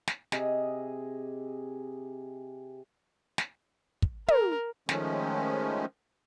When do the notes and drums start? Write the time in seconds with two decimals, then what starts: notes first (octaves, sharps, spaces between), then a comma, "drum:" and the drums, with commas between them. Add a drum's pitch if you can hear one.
0.07 drum: snare
0.32 C3 G#4 D#5, drum: snare
3.38 drum: snare
4.02 drum: kick
4.28 A#4, drum: tom
4.89 D#3 F3 G#3 A3 C#4, drum: snare